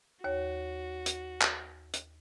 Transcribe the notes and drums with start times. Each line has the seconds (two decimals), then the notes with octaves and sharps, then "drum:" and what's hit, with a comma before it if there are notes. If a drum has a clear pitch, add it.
0.24 D#2 F#4 C#5
1.06 drum: hi-hat
1.41 drum: clap
1.93 drum: hi-hat